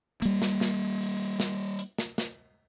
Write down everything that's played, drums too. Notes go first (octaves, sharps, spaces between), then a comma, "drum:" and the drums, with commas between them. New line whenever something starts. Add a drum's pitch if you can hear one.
G3 A#3, drum: hi-hat
drum: snare
drum: snare
drum: open hi-hat
drum: snare
drum: hi-hat
drum: snare
drum: snare